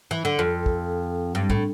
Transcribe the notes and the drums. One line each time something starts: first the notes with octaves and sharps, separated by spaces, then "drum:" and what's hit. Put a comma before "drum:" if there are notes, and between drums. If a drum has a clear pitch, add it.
E3
D3
F2
drum: kick
G2
A2, drum: kick